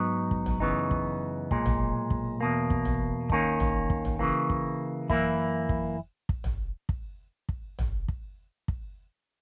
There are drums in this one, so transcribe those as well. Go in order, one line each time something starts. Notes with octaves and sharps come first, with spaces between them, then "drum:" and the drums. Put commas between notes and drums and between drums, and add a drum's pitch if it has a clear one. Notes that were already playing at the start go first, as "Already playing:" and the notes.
Already playing: G#2 F#3 B3 D#4
drum: kick
drum: tom
F#2 C#3 E3 B3 D#4
drum: kick
B1 A#2 G#3, drum: kick
drum: tom
drum: kick
E2 B2 A#3
drum: kick
drum: tom
D#2 D#3 A#3 C#4, drum: kick
drum: tom
drum: kick
drum: tom
C#3 E3 A#3
drum: kick
F#2 E3 A#3 E4, drum: kick
drum: kick
drum: kick
drum: tom
drum: kick
drum: kick
drum: tom
drum: kick
drum: kick